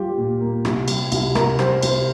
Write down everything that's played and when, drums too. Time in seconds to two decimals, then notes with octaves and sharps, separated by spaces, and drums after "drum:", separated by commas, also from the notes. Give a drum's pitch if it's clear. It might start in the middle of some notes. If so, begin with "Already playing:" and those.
Already playing: G3 F4 G4
0.18 A#2
0.41 A#3
0.65 C2, drum: rim click
0.88 G3, drum: cymbal
1.12 C2, drum: cymbal
1.35 C2 A#4, drum: rim click
1.59 G3 C5, drum: rim click
1.83 C2 C5, drum: cymbal